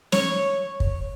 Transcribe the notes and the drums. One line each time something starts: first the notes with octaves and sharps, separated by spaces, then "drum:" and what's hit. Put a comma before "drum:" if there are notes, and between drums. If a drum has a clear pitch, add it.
C#5, drum: snare
drum: kick